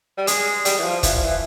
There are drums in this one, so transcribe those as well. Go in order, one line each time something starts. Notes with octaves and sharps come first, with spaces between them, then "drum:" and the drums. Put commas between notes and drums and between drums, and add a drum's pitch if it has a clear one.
G3
G#3, drum: hi-hat
G3, drum: hi-hat
E3
F3
E3, drum: kick, hi-hat
F3
E3